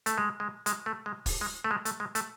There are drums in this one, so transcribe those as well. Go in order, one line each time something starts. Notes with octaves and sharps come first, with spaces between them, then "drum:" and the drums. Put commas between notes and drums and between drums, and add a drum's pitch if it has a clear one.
A3, drum: hi-hat
G#3
G#3
G#3, drum: hi-hat
A3
G#3
drum: kick, open hi-hat
G#3
A3
G#3
A3, drum: hi-hat
G#3
A3, drum: hi-hat